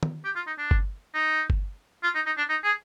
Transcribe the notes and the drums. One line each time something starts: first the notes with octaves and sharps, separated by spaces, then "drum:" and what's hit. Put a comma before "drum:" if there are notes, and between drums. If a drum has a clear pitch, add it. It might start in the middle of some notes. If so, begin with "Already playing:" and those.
drum: tom
G4
F4
D#4
D4
drum: kick G1
D#4
drum: kick G1
F4
D#4
D#4
D4
D#4
G#4